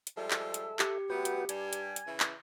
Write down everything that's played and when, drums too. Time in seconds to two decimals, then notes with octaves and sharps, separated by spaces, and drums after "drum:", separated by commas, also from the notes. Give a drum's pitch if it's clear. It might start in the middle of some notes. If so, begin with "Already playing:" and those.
0.07 drum: hi-hat
0.17 F3 G3 G#3 A4 E5
0.31 drum: clap
0.54 drum: hi-hat
0.79 G4, drum: clap
1.10 F#3 A3 B3 F#4 B4 G5
1.25 drum: hi-hat
1.49 G2 G3 G#5, drum: hi-hat
1.73 drum: hi-hat
1.96 drum: hi-hat
2.07 C#3 E3
2.20 drum: clap